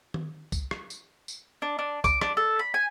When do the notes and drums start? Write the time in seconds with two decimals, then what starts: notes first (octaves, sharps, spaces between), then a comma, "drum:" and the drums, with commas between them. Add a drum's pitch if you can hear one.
0.14 drum: tom D#3
0.52 drum: kick C#2, tambourine
0.71 drum: rim click
0.90 drum: tambourine
1.28 drum: tambourine
1.62 D4
1.79 D4
2.04 D6, drum: kick C#2, tambourine
2.21 D4, drum: rim click
2.37 A4
2.59 B5
2.74 G#5